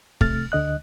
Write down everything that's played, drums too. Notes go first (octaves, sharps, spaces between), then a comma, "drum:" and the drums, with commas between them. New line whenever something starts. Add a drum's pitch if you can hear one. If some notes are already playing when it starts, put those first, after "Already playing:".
C3 A3 F6 A6, drum: kick
D2 D3 D#5 F#6